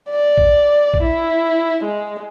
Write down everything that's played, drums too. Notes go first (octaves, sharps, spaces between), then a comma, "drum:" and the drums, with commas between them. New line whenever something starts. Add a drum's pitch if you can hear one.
D5
drum: kick A#1
drum: kick A#1
E4
G#3